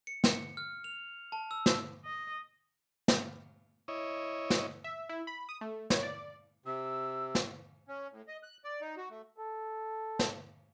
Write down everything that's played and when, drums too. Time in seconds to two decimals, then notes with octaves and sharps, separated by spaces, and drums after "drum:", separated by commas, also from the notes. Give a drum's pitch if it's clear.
0.07 C#7
0.24 drum: snare
0.57 F6
0.84 F7
1.32 A5
1.51 E6
1.66 drum: snare
2.05 D#5
3.08 drum: snare
3.88 E4 C#5 D#5
4.50 drum: snare
4.84 E5
5.09 E4
5.27 B5
5.49 D#6
5.61 A3
5.90 C#5, drum: snare
6.03 D5
6.66 C3 E6
7.35 drum: snare
7.88 C#4
8.12 A2
8.28 D#5
8.43 F#6
8.64 D5
8.81 D#4
8.97 F#4
9.10 A3
9.38 A4
10.19 drum: snare